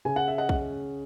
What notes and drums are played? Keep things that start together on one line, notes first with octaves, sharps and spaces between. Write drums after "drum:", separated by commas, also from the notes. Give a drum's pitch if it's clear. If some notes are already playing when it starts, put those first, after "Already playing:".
C#3 G#5
F#5
E5
D#5 F#5
C#4, drum: kick B1